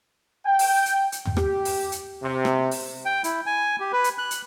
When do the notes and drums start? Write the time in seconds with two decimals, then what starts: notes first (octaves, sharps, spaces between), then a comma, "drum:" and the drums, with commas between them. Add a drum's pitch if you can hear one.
0.46 G5
0.59 drum: open hi-hat
0.86 drum: hi-hat
1.12 drum: hi-hat
1.25 drum: tom
1.37 G4, drum: rim click
1.65 drum: open hi-hat
1.92 drum: hi-hat
2.23 C3
2.45 drum: rim click
2.71 drum: open hi-hat
3.05 G5
3.24 E4, drum: hi-hat
3.46 G#5
3.80 G4
3.93 B4
4.04 drum: hi-hat
4.18 F#6
4.31 drum: hi-hat